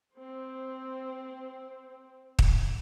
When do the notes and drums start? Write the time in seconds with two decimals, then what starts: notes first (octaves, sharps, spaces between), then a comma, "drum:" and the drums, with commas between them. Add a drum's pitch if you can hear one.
0.16 C4 C5
2.39 drum: kick